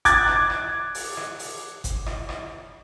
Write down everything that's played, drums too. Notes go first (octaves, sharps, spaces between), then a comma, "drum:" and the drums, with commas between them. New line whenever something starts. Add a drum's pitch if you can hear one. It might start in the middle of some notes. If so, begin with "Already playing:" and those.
D6 F#6 G#6 A6, drum: kick G1, hi-hat
drum: rim click
drum: rim click
drum: open hi-hat
drum: rim click
drum: open hi-hat
drum: kick G1, hi-hat
drum: rim click
drum: rim click